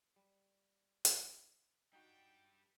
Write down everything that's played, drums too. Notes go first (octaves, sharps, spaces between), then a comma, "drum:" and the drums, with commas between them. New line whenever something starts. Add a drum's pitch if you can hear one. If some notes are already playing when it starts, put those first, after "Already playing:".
G3
drum: hi-hat
G3 D4 D#4 F#4 G5